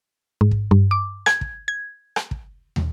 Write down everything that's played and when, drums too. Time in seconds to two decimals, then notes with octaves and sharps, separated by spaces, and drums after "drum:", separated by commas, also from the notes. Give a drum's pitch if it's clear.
0.41 G#2
0.51 drum: kick
0.71 G2
0.91 D6
1.26 G#6, drum: rim click
1.41 drum: kick
1.68 G#6
2.16 drum: rim click
2.31 drum: kick
2.76 drum: tom